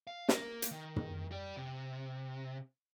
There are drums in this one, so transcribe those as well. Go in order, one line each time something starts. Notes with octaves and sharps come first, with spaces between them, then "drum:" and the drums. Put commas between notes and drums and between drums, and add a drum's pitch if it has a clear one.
F5
A#3 A#4, drum: snare
drum: hi-hat
D#3
drum: tom
G4 D5
C3